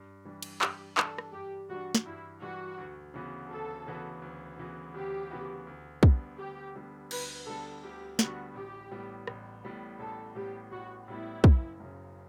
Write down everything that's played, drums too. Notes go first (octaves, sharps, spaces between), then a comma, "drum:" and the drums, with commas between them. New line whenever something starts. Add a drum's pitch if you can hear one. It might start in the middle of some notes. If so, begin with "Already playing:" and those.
Already playing: G2
E3 G3 D4
drum: cymbal
G2 G4, drum: clap
E3 G3 D4 A4, drum: clap
drum: rim click
G2 G4
E3 G3 D4 F#4
drum: snare
G2 E4
E3 G3 D4 F#4
D2
C#3 E3 B3 F#4
D2 A4
C#3 E3 B3 F#4
D2
C#3 E3 B3 F#4
D2 G4
C#3 E3 B3 F#4
D2
D3 G3 B3, drum: kick
D2 G4
D3 G3 B3
D2 B4, drum: cymbal
D3 G3 B3 A4
D2 G4
D3 G3 B3 F#4, drum: snare
A1 G4
A2 G3 B3
A1, drum: rim click
A2 G3 B3
A1 A4
A2 G3 B3 G4
A1 F#4
A2 G3 B3 E4
F#1, drum: kick
F#2 C#3